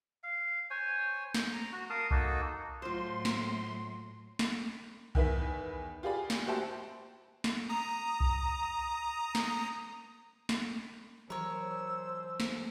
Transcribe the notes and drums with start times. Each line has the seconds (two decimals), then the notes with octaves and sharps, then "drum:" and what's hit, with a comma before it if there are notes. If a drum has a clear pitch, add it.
0.23 F5
0.70 C5 C#5 G#5
1.34 drum: snare
1.53 A#5
1.72 F#4
1.90 A#4 F5 A5 D#6
2.11 A#3 D#4 F#4 A4, drum: kick B1
2.82 A2 F#3 F4 C5 C6
3.25 drum: snare
4.39 drum: snare
5.15 E2 D#3 E4 B4 B6, drum: kick B1
6.03 F4 G4 G#4 D5 B5
6.30 drum: snare
6.46 F#4 G4 C5 E5 G5 A5
7.44 drum: snare
7.69 A#5 D#6
8.20 drum: kick B1
9.35 drum: snare
10.49 drum: snare
11.30 E3 F#3 A#4 C5 C#5 E6
12.40 drum: snare